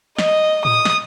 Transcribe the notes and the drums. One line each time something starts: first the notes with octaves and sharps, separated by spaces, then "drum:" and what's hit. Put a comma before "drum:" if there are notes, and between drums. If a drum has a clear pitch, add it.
D#5, drum: snare
D#6, drum: tom A2
drum: snare